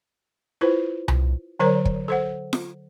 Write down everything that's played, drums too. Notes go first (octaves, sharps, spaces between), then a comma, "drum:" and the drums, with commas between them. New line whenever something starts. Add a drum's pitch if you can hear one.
E4 F4 B4 C5
drum: tom C2
D3 F#3 A#4 C5 C#5 A#5
drum: kick
A4 C5 F#5
drum: snare F4